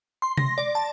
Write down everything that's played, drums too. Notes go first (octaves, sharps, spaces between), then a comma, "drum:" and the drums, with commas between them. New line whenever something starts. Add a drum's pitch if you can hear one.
C6
A#6, drum: tom C3
D5
A5